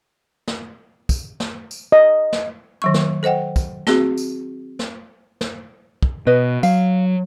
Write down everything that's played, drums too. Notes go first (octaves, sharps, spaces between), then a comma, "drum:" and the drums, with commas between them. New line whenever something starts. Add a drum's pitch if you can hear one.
drum: snare
drum: kick, tambourine
drum: snare
drum: tambourine
D#5
drum: snare
D#3 F#3 C#6
drum: snare
A4 C5 D#5 F#5 G5
drum: kick, tambourine
C4 F#4 G#4, drum: snare
drum: tambourine
drum: snare
drum: snare
drum: kick
B2 B4 D#5
F#3 F5, drum: tambourine